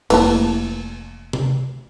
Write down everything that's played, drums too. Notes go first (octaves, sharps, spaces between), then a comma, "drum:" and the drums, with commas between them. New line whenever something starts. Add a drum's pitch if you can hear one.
F1 E3 A3 A#3 A5, drum: cymbal
drum: tom C3